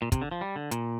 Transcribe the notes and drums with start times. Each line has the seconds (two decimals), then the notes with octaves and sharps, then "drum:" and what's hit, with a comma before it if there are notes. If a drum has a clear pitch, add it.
0.02 A#2
0.12 C3, drum: kick, hi-hat
0.21 D3
0.31 F3
0.41 G3
0.56 D3
0.71 A#2, drum: hi-hat